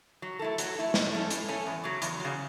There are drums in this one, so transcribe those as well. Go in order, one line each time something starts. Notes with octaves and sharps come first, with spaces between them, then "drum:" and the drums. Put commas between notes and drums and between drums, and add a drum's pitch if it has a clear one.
F#3
A3 E4 A4
F#3, drum: hi-hat
A3 E4 A4
A2, drum: snare
A3 C#4 A4
A2, drum: hi-hat
A3 C#4 A4
E2
C#3 F#3
E2, drum: hi-hat
C#3 F#3